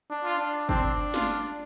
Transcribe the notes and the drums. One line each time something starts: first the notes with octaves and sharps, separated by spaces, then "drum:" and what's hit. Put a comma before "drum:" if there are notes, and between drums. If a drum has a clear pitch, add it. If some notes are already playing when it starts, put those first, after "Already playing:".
D4
F4
D4
C4 D4, drum: kick
F4, drum: snare